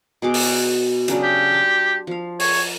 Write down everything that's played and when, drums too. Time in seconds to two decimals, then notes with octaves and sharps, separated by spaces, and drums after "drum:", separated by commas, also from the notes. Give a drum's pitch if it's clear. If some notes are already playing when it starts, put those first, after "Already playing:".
0.22 B2 G#4 D6
0.34 drum: open hi-hat
1.08 C#3 F#3 D4, drum: hi-hat
1.23 G4
1.52 A5 C6
2.07 F3 F5
2.40 C#5, drum: open hi-hat